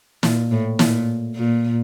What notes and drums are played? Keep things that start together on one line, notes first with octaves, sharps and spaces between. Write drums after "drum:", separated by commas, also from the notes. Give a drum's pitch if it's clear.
A#2, drum: snare
A2
A#2, drum: snare
A#2